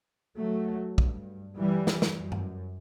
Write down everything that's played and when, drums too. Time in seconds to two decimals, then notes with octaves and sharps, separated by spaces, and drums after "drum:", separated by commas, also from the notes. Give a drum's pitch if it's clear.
0.38 F#3 A3
0.98 G2, drum: kick
1.57 E3 G3
1.87 drum: snare
2.02 drum: snare
2.18 F#2
2.32 drum: tom G2